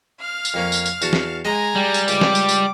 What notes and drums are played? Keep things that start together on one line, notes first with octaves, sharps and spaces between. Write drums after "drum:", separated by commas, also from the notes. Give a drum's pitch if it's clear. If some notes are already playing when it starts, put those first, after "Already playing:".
F5 F6
drum: tambourine
F2 A#3 C#4
drum: tambourine
drum: tambourine
E2 F#4 A5, drum: tambourine
drum: snare
G#3 D#5 G#5 A#5
G3
drum: tambourine
C#2 D6, drum: tambourine
drum: snare
drum: tambourine
drum: tambourine